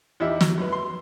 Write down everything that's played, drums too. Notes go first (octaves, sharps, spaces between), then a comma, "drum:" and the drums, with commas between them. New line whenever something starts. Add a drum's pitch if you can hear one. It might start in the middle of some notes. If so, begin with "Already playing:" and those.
E2 D#4 E4 G4 E5
F#3, drum: snare
F#2 B4
C6